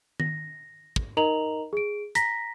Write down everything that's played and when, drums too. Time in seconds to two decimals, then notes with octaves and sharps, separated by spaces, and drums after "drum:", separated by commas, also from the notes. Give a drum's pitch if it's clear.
0.20 A#6, drum: tom D#3
0.96 drum: kick
1.17 D#4 A#4 D#5 A#5 F7 F#7
1.73 G#4 D7
2.15 A#5 A#6 B6, drum: hi-hat